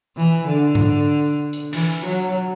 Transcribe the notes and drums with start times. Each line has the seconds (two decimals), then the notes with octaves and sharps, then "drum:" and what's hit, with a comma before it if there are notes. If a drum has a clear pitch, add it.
0.17 E3
0.48 D3
0.75 drum: tom G#2
1.53 drum: hi-hat
1.73 E3, drum: cymbal
2.05 F#3